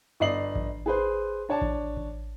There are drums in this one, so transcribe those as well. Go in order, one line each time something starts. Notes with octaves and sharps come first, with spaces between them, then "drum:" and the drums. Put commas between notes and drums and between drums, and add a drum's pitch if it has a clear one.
G1 D5 D#5 C7 F#7
drum: kick A1
G#4 B4 C5
D4 C#5 D5 A5
drum: kick A1
drum: kick A1